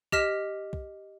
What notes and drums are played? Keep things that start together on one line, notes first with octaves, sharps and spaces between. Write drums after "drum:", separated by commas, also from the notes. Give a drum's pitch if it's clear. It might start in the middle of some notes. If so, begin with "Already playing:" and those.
G4 D#5 F6 B6 E7, drum: kick
drum: kick